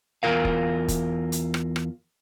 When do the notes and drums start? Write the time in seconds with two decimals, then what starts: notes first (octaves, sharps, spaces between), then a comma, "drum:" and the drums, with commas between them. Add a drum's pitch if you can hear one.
0.23 E2 D#3 F4 A#4 F5
0.45 drum: kick F1
0.88 drum: kick F1, hi-hat
1.32 drum: hi-hat
1.54 drum: rim click
1.76 drum: rim click